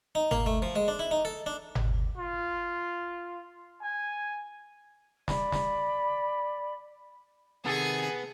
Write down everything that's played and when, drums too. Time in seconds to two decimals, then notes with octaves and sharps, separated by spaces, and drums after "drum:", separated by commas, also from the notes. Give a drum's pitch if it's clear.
0.15 D#4
0.31 A#3, drum: tom G1
0.46 A3
0.62 F3
0.76 G#3
0.88 D4
0.99 E4
1.11 D#4
1.25 A4
1.46 D4
1.75 drum: tom G1
2.18 F4
3.82 G#5
5.28 D5 B5, drum: snare
5.52 drum: snare
7.65 C3 D#3 B3 G#4 A4 G#5